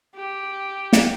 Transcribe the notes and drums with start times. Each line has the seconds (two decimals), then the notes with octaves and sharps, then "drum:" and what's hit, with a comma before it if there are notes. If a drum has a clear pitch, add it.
0.15 G4
0.93 drum: snare